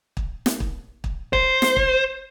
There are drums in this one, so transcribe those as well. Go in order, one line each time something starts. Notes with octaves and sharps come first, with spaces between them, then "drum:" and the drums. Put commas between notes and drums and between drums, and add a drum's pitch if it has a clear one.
drum: kick
drum: snare
drum: kick
drum: kick
C5, drum: kick
drum: snare
drum: kick